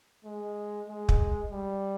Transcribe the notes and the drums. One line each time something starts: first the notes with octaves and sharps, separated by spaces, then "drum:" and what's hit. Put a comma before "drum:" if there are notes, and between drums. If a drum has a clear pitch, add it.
G#3
G#3
drum: kick
G3